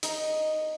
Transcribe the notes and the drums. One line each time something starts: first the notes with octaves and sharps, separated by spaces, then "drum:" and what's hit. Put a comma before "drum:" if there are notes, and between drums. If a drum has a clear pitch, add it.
D#4, drum: hi-hat